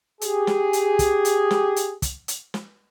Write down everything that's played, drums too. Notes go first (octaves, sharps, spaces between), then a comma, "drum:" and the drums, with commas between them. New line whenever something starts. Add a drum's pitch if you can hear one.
G4 G#4, drum: hi-hat
drum: snare
drum: hi-hat
drum: kick, hi-hat
drum: hi-hat
drum: snare
drum: hi-hat
drum: kick, hi-hat
drum: hi-hat
drum: snare